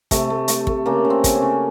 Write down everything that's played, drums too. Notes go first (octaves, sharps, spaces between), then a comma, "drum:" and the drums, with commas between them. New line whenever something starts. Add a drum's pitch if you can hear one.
C3 A3, drum: kick, hi-hat
A3
A3, drum: hi-hat
A3, drum: kick
C#3 A#3
C#3
C4
C#3 C4, drum: kick, hi-hat
C#4
C#3